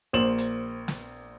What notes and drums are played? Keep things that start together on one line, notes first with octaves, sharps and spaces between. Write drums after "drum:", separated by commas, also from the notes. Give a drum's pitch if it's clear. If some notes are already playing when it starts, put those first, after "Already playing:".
A#1 A#3 C5 E7 F#7
drum: hi-hat
drum: snare